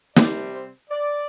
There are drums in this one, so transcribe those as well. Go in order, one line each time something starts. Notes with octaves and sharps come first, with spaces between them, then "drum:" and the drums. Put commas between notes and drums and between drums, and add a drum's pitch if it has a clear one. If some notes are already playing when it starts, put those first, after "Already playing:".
C3 G3 C4 D5, drum: snare
C5
D5